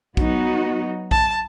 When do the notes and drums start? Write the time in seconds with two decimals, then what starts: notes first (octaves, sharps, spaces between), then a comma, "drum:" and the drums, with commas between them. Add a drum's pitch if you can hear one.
0.17 F#3 B3 D#4 F#4, drum: kick
1.11 A5, drum: kick